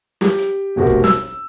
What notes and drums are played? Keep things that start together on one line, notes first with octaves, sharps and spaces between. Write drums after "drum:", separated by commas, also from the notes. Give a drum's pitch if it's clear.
G4, drum: snare
drum: hi-hat
F1 D2 B2 F#4 G4 A#4
drum: kick
E6, drum: snare